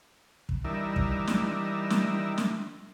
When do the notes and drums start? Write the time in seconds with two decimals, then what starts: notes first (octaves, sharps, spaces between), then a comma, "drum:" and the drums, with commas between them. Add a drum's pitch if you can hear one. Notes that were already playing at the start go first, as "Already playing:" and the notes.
0.49 drum: kick
0.65 E3 G3 D4 D#4 A#4 E5
0.96 drum: kick
1.27 drum: snare
1.90 drum: snare
2.38 drum: snare